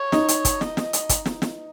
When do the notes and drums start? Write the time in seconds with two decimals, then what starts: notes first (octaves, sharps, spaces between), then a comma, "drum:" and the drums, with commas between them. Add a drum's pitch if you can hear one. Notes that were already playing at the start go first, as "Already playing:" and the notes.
Already playing: C#5
0.12 D#4, drum: snare
0.28 drum: hi-hat
0.45 drum: kick, hi-hat
0.61 D#5, drum: snare
0.77 drum: snare
0.93 drum: hi-hat
1.09 drum: kick, hi-hat
1.26 drum: snare
1.42 drum: snare